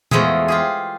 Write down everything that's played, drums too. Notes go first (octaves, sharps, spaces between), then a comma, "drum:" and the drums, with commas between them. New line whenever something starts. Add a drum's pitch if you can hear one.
E2 F3 G#3 A3 F#4 G#4, drum: tom A#2
F4 G4 G#4